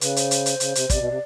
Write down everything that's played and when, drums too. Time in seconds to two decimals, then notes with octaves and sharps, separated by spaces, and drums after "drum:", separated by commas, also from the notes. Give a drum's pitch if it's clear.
0.01 C#3 B4, drum: hi-hat
0.16 C5, drum: hi-hat
0.31 drum: hi-hat
0.46 drum: hi-hat
0.60 C#3, drum: hi-hat
0.75 C3, drum: hi-hat
0.90 C3 D5, drum: kick, hi-hat
1.00 B2
1.10 C3